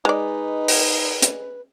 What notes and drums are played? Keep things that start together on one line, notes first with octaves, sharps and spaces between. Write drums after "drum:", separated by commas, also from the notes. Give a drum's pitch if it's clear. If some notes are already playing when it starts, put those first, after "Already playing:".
G#3 D#4 G#4 B4 D5 D#5 G#5
drum: open hi-hat
drum: hi-hat